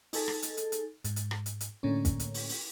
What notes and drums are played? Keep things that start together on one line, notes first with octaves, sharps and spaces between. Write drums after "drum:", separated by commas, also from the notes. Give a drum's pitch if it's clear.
D#4 G#4 A4, drum: open hi-hat
drum: rim click
drum: hi-hat
drum: hi-hat
drum: hi-hat
G#2, drum: hi-hat
drum: hi-hat
drum: rim click
drum: hi-hat
drum: hi-hat
A2 D3 A#3 C#4
drum: kick, hi-hat
drum: hi-hat
drum: open hi-hat
drum: open hi-hat